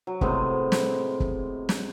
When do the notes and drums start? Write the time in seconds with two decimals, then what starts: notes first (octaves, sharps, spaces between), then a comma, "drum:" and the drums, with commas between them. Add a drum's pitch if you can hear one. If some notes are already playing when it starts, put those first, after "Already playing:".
0.07 F#3
0.21 A2 C3 G#3 B3, drum: kick
0.72 drum: snare
1.20 drum: kick
1.69 drum: snare